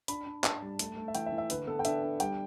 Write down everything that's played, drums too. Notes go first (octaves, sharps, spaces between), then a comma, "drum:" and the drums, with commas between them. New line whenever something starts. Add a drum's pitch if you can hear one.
D4 B5, drum: hi-hat
D4
D4 A5, drum: clap
G3
A3, drum: hi-hat
A3
E5
E3 G5, drum: hi-hat
E5
E3
E5
D3 B4, drum: hi-hat
B3 A4
G5
D4 E5, drum: hi-hat
D4
G3 G5, drum: hi-hat